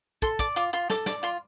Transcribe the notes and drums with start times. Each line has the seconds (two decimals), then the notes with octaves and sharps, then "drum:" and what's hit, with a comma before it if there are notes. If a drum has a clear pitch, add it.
0.22 A4 C6, drum: kick
0.39 D5 D6, drum: kick
0.56 F4 D6
0.73 F4 C6
0.90 A4 D6, drum: snare
1.06 D5 D6, drum: snare
1.23 F4 C6